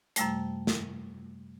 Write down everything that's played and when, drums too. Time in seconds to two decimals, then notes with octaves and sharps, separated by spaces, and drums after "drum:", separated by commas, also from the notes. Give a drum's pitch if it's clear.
0.16 F#2 C3 G3 A3, drum: hi-hat
0.67 drum: snare